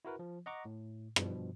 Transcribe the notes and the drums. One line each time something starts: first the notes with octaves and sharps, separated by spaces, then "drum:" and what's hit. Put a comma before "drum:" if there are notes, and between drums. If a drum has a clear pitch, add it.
E4 F#4 A#4 B4
F3
D#5 F#5 A#5 C#6 D6
A2
G2 B2 F3, drum: rim click